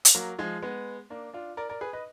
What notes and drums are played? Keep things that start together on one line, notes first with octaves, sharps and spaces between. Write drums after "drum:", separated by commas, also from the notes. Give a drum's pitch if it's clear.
drum: hi-hat
F#3 A#3
F3 G#3
G#3 B3
A#3 D4
D4 F4
A#4 D5
A#4 D5
G#4 B4
B4 D#5